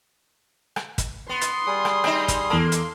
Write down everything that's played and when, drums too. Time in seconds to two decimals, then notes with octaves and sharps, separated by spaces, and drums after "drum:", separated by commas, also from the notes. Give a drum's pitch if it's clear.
0.76 drum: rim click
0.98 drum: kick, hi-hat
1.29 B3 C6
1.41 drum: hi-hat
1.66 G3 G#4 D#6
1.85 drum: rim click
2.04 C4 D#4, drum: rim click
2.28 drum: kick, hi-hat
2.50 E2 A#3 A4
2.72 drum: hi-hat